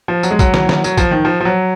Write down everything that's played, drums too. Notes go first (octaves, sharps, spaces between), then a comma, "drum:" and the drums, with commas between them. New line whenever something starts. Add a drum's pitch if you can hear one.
F3
F#3, drum: tambourine
G#3
F#3, drum: kick, tambourine
drum: snare
drum: snare
F#3, drum: tambourine
F3, drum: kick, tambourine
D#3
F3
F3
F#3